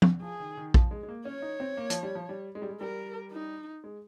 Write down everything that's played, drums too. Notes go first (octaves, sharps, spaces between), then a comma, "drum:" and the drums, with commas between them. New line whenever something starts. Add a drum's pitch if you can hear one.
drum: tom
F3 G#4
D#3
D#3
F3, drum: kick A#1
G#3
G#3
A#3
C#4 C#5
D#4
C4
A#3
F3, drum: hi-hat
G3
F3
G3
G#3
G3
G#3
G3 A#4
D#4
G#3